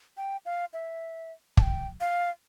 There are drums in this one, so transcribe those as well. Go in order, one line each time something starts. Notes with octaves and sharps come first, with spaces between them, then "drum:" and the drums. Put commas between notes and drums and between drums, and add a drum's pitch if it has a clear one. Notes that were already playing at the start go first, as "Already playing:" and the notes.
G5
F5
E5
A5, drum: kick
G5
F5